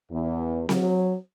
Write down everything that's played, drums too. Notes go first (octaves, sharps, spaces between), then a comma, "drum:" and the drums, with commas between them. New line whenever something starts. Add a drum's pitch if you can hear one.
E2
F#3, drum: snare C4